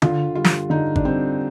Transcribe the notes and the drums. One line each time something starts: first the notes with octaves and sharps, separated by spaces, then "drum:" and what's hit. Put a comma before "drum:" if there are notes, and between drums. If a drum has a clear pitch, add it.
D3 F4, drum: tom D3
G3 F4
drum: snare
D3 D#4
D4, drum: kick
G3 C4